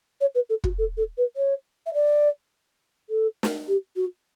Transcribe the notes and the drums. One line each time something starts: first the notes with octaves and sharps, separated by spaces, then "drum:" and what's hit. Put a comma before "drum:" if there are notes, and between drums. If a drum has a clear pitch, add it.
C#5
B4
A4
F#4, drum: kick
A4
A4
B4
C#5
E5
D5
A4
drum: snare
G4
F#4